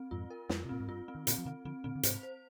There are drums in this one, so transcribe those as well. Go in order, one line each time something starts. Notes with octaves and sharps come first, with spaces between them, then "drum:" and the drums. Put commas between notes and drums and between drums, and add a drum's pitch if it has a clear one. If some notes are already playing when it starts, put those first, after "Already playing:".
Already playing: C4
F2 G#2 F4
A#4
F2 F4, drum: snare
C3
A#2 C4
G#2
G2 F4
C4
D#3
A#2 D3 C4, drum: hi-hat
F3
C3 D#3 C4
D3 F3 C4
A#2 D3 C4
D3
G#2 C3 C5, drum: hi-hat
C5